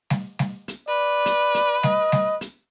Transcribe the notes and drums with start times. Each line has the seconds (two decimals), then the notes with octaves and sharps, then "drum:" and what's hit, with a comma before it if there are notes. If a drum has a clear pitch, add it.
0.10 drum: snare G3
0.39 drum: snare G3
0.68 drum: hi-hat
0.89 B4 D5
1.26 drum: hi-hat
1.54 drum: hi-hat
1.83 D#5, drum: snare G3
2.12 drum: snare G3
2.41 drum: hi-hat